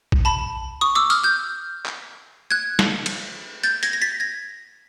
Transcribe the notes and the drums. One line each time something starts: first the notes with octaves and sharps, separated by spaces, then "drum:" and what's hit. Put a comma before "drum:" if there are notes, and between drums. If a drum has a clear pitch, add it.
drum: kick A#1
A5 B5
C#6 D#6
D6 E6
D#6 F6, drum: tambourine
F6 G6
drum: clap
F#6 G#6
drum: snare
drum: cymbal
G6 A6, drum: hi-hat
G#6 A#6, drum: hi-hat
A#6
A6 B6
G#6 A#6